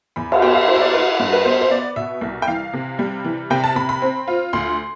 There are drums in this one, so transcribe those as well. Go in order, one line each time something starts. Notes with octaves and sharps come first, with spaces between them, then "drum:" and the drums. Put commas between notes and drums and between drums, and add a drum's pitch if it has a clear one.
E2 B5
drum: cymbal
B3 G5
F5
E4 C5
E5
D5
E4 B4
G2
B4
B3 C5
C5
B3 D5
B2 E5
C2
G5
E3 F5
C3
G3
E3
C3 G5
A5
C3 B5
B5
C4
F4
D2 C6